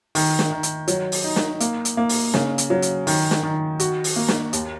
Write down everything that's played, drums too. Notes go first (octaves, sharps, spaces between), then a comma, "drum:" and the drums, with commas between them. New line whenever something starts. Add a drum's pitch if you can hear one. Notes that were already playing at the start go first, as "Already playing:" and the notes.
D#3, drum: open hi-hat
drum: snare
D#3
drum: hi-hat
F#3, drum: hi-hat
drum: open hi-hat
D#4
drum: snare
A#3, drum: hi-hat
drum: hi-hat
A#3
drum: open hi-hat
C#3, drum: snare
drum: hi-hat
F#3
drum: hi-hat
D#3, drum: open hi-hat
drum: snare
D#3
F#4, drum: hi-hat
drum: open hi-hat
A#3
drum: snare
D#2, drum: hi-hat